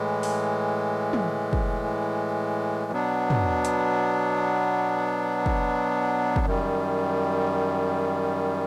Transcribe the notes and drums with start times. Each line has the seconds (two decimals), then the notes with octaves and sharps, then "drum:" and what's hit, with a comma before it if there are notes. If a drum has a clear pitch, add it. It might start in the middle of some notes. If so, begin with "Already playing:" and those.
Already playing: A2 E3 G#3
0.23 drum: open hi-hat
1.13 drum: tom
1.53 drum: kick
2.92 B2 F#3 B3 D4
3.30 drum: tom
3.65 drum: hi-hat
5.46 drum: kick
6.36 drum: kick
6.46 F#2 D#3 G3